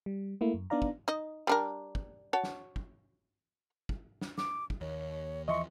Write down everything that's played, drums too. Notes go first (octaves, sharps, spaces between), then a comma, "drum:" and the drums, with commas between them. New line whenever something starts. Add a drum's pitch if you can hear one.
G3
A3 A#3 E4
F#2
B3 D4 D#4 D5 F5 A#5
drum: kick
D#4 D#5
G3 D4 A#4
drum: kick
F#4 C#5 A5
drum: snare
drum: kick
drum: kick
drum: snare
D6, drum: snare
drum: kick
D#2 C#5
D#2 E3 F3 D#5 E5 C6 C#6